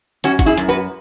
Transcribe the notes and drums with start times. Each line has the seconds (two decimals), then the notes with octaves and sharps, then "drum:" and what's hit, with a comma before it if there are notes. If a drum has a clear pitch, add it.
0.24 F#2 C#4 F#4, drum: hi-hat
0.39 F#4, drum: kick G1, hi-hat
0.46 E4 G#4
0.57 F#2, drum: hi-hat
0.68 F#4 B4